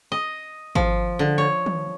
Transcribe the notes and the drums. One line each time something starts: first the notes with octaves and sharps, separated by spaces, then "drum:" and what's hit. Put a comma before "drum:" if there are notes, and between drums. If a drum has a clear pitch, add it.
D#5
F3, drum: kick G#1
D3
C#5
drum: tom